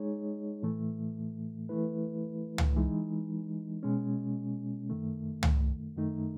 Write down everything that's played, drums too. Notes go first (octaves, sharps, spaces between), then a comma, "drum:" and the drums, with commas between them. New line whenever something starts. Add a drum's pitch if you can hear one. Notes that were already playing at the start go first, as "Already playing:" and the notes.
Already playing: G#3 D#4 G#4 C#5
A2 E3 A3
E3 A3 E4 B4
drum: tom
E3 G#3 D#4
B2 G#3 C#4
F#2 D#3 A3
drum: tom
F#2 D#3 A3 D#4